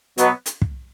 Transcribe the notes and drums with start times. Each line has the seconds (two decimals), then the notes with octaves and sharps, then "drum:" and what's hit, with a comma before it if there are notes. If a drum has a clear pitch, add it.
0.18 B2 F#3 B3, drum: hi-hat
0.46 drum: hi-hat
0.62 drum: kick